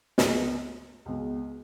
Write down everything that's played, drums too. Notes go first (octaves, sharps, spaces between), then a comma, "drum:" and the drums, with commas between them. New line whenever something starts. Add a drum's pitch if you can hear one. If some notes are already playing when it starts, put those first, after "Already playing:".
C#2 B2 G#3, drum: snare
C#2 B2 G#3